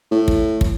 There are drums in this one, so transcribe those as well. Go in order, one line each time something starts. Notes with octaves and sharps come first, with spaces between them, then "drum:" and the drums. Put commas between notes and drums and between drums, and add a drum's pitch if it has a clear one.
A2
drum: kick
drum: kick